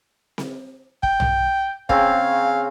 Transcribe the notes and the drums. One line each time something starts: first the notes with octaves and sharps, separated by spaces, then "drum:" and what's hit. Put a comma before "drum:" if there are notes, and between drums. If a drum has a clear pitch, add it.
drum: snare C4
G5, drum: kick
drum: tom
C#3 C4 F5, drum: kick